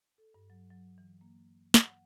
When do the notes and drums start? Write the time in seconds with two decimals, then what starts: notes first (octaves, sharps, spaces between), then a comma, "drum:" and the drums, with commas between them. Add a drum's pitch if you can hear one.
0.18 A4
0.34 G2
0.50 F#3
0.71 F#3
0.98 E3
1.21 A#3
1.74 F#5, drum: snare